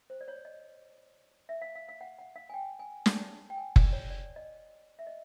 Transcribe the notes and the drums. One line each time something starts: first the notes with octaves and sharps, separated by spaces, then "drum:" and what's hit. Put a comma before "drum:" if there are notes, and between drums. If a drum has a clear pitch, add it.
C5
D5
C#5
D#5
E5
F5
F5
F5
F#5
F#5
F5
G#5
G5
G#5
A5, drum: snare
G5
G#5
D5, drum: kick F#1
C#5
D5
D#5
E5
D#5